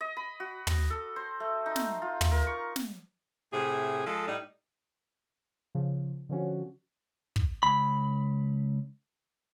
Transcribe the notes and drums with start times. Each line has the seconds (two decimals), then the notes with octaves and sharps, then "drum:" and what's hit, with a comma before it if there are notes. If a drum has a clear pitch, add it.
0.01 D#5
0.17 B5
0.40 F#4
0.67 drum: tom
0.90 A4
1.16 C5
1.40 A3
1.66 D#4
1.76 drum: snare
2.02 F4
2.21 drum: tom
2.31 A#4
2.47 C#6
2.76 drum: snare
3.52 A2 C3 G#4
4.05 F3 G#3 A4
4.28 A2 G3 D#4
5.75 C#3 F3
6.29 D3 F3 C#4 F#4
7.36 drum: kick
7.63 C#2 B5